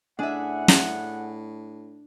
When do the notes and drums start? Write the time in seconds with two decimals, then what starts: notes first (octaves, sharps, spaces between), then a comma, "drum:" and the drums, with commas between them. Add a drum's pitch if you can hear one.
0.19 A2 D4 G#4 E5 F#5
0.68 drum: snare